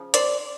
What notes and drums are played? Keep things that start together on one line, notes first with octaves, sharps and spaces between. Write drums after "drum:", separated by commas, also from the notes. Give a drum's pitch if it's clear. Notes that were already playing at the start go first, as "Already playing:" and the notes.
Already playing: C#3 F3
C5 D5, drum: hi-hat